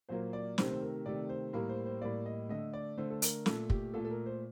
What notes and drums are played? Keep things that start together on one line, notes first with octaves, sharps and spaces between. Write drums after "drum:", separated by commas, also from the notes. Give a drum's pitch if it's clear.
A#2 F#3 A#3 C5
D5
C3 D#3 A3 C5, drum: snare
C5
A#4
C3 D#3 A3 D5
C5
A2 G3 A#3 A#4
C5
C5
A2 G3 A#3 D5
D#5
D3 A3 D#5
D5
D3 A3 C5
A4
A#4, drum: hi-hat
A#2 A3 A4, drum: snare
G4, drum: kick
A#2 A3 A4
A4
A#4
C5